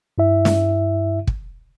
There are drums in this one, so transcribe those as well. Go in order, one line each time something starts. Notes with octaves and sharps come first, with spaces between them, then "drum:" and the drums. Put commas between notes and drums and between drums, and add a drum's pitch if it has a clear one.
G2 E4 E5
drum: snare
drum: kick